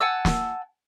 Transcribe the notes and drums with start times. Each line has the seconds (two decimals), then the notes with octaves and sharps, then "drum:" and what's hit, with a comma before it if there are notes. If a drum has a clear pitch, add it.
0.01 F#5 G#5 A5 E6
0.25 drum: snare